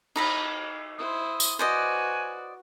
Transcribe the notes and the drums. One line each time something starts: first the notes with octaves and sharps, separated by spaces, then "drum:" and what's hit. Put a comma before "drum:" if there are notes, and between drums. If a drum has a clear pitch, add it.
D#4 A#5 B5, drum: cymbal
E4 C5 D#6
drum: tambourine
F#4 B4 C5 D5 D#5 G#5